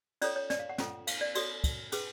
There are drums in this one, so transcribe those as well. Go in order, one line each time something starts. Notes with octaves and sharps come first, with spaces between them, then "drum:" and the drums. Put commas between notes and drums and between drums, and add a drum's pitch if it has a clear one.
C#4 F4 A4 C#5 D5, drum: cymbal
C#5
D5, drum: snare
F5
F#5
C#4 F4 A4, drum: snare
F5, drum: cymbal
D5
F#4 A4 C#5 D5, drum: cymbal
drum: kick, cymbal
C#4 G#4 B4, drum: cymbal